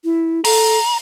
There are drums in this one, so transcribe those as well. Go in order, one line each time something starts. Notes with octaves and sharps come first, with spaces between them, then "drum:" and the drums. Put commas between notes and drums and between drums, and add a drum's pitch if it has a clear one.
E4
A4 A#5, drum: open hi-hat